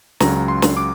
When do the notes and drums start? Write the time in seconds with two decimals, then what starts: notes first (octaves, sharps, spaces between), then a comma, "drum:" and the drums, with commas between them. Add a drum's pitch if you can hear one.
0.20 C#2 C#3 F#3 A#5, drum: snare
0.48 C6
0.62 drum: snare
0.77 D6